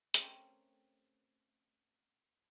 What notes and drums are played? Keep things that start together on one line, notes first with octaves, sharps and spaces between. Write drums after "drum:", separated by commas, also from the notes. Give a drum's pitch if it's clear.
A3 C4 C#4 G4 A#4, drum: hi-hat